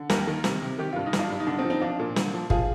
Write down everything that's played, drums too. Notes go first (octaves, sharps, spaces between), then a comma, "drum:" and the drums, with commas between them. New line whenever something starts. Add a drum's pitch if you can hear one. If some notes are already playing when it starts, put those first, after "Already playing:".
Already playing: D3
D#2 G4 A#4, drum: snare
D#3
C3, drum: snare
C3
D#3 G4
G2 F4
D#4
G2, drum: snare
D4 F4
G2
D#4
D3 D4
C4 D#4
F3
C4 D#4
F3 D4 F4
A#2
D3, drum: snare
F3
F3 F4 G#4, drum: kick